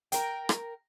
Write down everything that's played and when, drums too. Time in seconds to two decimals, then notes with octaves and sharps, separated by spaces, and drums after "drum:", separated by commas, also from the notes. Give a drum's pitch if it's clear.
0.12 A#4 G5, drum: hi-hat
0.49 drum: rim click